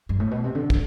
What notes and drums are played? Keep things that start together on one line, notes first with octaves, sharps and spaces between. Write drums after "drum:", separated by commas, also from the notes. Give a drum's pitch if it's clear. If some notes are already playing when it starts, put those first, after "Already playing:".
G2
A2
B2
C3
D3
drum: kick